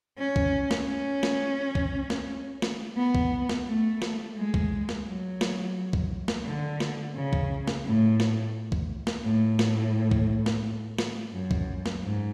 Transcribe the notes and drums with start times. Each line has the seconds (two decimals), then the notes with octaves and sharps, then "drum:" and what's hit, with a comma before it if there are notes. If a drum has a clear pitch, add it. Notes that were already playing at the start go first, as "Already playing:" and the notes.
0.18 C#4
0.36 drum: kick
0.71 drum: snare
0.88 C#4
1.23 drum: snare
1.75 drum: kick
2.10 drum: snare
2.62 drum: snare
2.97 B3
3.15 drum: kick
3.49 drum: snare
3.67 A3
4.02 drum: snare
4.37 G#3
4.54 drum: kick
4.89 drum: snare
5.07 F#3
5.41 drum: snare
5.93 drum: kick
6.28 drum: snare
6.45 D3
6.80 drum: snare
7.15 C#3
7.33 drum: kick
7.68 drum: snare
7.85 A2
8.20 drum: snare
8.72 drum: kick
9.07 drum: snare
9.24 A2
9.59 drum: snare
10.11 drum: kick
10.46 drum: snare
10.98 drum: snare
11.33 F#2
11.51 drum: kick
11.86 drum: snare
12.03 G#2